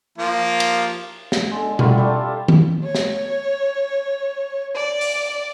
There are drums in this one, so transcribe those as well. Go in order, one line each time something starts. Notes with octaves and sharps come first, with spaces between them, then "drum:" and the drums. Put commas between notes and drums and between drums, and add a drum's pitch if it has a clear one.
F3 A#3 F4
drum: cymbal
drum: snare
D3 G#3
F#3 G3 E4 F4, drum: tom B2
G3 G4 A4
drum: tom D#3
C#5
drum: snare
D5
drum: open hi-hat